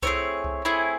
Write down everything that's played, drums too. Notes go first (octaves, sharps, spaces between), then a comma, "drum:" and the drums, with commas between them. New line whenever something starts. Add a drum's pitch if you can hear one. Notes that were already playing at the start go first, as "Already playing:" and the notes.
A3 C4 E4 G#4 C#5, drum: kick C2
drum: kick C2
A3 C4 E4 G#4